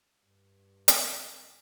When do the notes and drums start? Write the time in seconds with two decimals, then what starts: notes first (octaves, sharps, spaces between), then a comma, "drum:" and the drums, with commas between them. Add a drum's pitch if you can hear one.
0.20 G2
0.88 drum: hi-hat